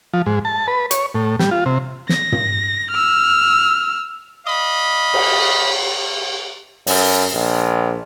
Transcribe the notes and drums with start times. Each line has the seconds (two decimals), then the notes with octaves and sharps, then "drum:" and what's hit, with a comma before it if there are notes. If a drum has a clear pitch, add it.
0.13 F3
0.26 G#2
0.45 A5
0.67 B4
0.91 C#5, drum: hi-hat
1.15 A2
1.39 G3, drum: snare
1.51 F4
1.66 C3
2.09 A#6, drum: snare
2.32 drum: tom
2.91 E6 F6
4.46 D5 D#5 F5 B5
5.14 drum: cymbal
6.87 F#2, drum: open hi-hat
7.33 A#1